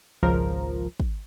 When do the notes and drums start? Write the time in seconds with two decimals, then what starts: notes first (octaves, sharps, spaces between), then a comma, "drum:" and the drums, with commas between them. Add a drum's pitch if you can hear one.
0.23 G#1 C#2 F3 A#4
1.00 drum: kick